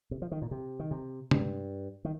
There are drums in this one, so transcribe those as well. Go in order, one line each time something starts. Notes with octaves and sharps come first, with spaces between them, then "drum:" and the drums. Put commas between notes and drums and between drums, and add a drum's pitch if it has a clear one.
C3
F3
D#3
A#2
C3
D#3
C3
G2, drum: tom C3
D#3